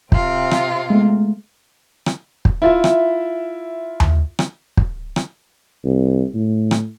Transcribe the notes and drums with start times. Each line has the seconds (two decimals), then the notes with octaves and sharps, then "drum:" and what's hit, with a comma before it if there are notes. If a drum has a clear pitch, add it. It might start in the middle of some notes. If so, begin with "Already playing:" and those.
0.12 C3 C4 F4, drum: kick
0.51 drum: rim click
0.90 G#3 A3 B3
2.06 drum: rim click
2.45 drum: kick
2.62 E4 F4 E5
2.84 drum: rim click
4.00 drum: tom D#2
4.39 drum: rim click
4.77 drum: kick
5.16 drum: rim click
5.84 C2
6.34 A2
6.71 drum: rim click